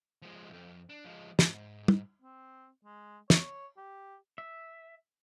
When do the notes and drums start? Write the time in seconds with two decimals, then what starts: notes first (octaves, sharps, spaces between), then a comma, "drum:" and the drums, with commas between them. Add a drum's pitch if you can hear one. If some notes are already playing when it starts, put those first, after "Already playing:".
0.22 F3 G#3
0.49 B1 F2
0.89 D4
1.04 F3 G#3
1.39 G#2, drum: snare
1.88 drum: tom
2.22 C4
2.85 G#3
3.30 C#5, drum: snare
3.77 G4
4.38 E5